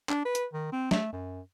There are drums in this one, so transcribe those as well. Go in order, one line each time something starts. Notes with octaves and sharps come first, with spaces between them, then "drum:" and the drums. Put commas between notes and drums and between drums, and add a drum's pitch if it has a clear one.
D4, drum: clap
B4
drum: hi-hat
D#3
C4
A3, drum: snare
F#2